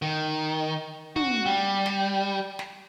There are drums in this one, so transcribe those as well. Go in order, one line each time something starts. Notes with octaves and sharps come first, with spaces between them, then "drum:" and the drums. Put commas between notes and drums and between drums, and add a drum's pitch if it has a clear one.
D#3
F#4, drum: tom
G3
drum: snare
drum: snare